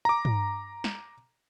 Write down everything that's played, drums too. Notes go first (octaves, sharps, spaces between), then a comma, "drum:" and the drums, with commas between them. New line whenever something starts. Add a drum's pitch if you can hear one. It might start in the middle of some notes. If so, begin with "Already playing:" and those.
A#5 D6
drum: tom
drum: snare